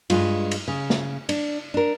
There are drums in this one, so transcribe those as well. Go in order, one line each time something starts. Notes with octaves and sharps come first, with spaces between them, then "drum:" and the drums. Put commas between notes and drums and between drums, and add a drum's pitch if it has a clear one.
G2 G#3 F4, drum: cymbal
drum: cymbal
C#3
drum: snare
D4, drum: cymbal
D4 A#4